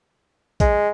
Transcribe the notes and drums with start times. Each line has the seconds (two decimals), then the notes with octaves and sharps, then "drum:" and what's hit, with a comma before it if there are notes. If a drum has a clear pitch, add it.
0.60 G#3, drum: kick, hi-hat